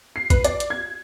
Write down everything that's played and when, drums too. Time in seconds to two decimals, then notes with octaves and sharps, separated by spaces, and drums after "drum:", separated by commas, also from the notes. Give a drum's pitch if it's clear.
0.16 C7
0.30 B4, drum: kick A#1, hi-hat
0.44 D5, drum: hi-hat
0.60 drum: hi-hat
0.70 G#6